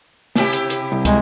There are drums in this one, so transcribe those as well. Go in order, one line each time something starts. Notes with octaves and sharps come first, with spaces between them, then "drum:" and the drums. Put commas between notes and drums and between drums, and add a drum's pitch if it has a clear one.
C3 E4 G4, drum: snare
drum: hi-hat
drum: hi-hat
C2
A2 G#3, drum: kick, hi-hat